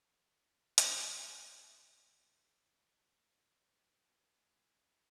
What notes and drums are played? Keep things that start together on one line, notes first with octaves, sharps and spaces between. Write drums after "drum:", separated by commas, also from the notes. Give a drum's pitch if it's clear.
F4
D#4
E2
G2
F2, drum: hi-hat
F#3
A1
D7
G#3
F#3 B4
A3 G#5